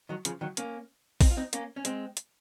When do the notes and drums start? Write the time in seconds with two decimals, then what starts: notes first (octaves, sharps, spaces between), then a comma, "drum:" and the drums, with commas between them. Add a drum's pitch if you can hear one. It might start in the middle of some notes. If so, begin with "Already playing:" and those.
0.09 D#3 F#3
0.25 C#3 F3, drum: hi-hat
0.41 D#3 F#3
0.57 A#3 C#4, drum: hi-hat
1.21 C4 D#4, drum: kick, open hi-hat
1.31 F4
1.37 C4 D#4
1.53 A#3 C#4, drum: hi-hat
1.76 C#4
1.85 G#3 C4, drum: hi-hat
2.17 drum: hi-hat